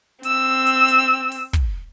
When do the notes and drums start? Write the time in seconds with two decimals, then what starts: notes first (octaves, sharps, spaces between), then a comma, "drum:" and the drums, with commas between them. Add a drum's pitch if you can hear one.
0.23 C4 E6, drum: hi-hat
0.67 drum: hi-hat
0.88 drum: hi-hat
1.32 drum: open hi-hat
1.53 drum: kick, hi-hat